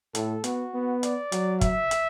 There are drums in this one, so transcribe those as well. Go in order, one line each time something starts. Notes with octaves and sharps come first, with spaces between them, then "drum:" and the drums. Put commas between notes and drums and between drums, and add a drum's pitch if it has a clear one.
A2 A4, drum: hi-hat
B3 F#4, drum: hi-hat
B3
D5, drum: hi-hat
F#3, drum: hi-hat
E5, drum: kick, hi-hat
drum: hi-hat